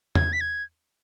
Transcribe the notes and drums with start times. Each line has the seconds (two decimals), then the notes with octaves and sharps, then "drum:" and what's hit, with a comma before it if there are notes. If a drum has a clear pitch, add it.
0.15 G#6, drum: tom E2
0.33 B6
0.41 G#6